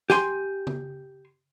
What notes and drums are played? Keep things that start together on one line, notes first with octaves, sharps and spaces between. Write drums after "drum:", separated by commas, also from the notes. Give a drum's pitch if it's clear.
G4 G#5 C6, drum: snare
drum: tom C#3